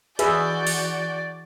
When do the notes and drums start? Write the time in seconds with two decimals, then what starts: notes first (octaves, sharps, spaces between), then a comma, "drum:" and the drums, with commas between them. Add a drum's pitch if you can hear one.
0.19 E3 F#4 G#4 B4 D5 E5 G6, drum: hi-hat
0.67 drum: open hi-hat